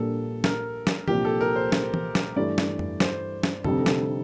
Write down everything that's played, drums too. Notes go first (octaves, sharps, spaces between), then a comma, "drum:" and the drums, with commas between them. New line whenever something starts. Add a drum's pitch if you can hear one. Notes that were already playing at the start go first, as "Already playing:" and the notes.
Already playing: A#1 A#2 G3 A#3 D4 A4
A#4, drum: snare
drum: snare
C2 A#2 F3 A#3 D4 G4, drum: tom E3
A4
A#4
C5
drum: snare
drum: tom E3
drum: snare
G2 E3 A3 D5
drum: snare
drum: tom F2
C5, drum: snare
drum: snare
F1 F2 D3 G3 A4, drum: tom F2
drum: snare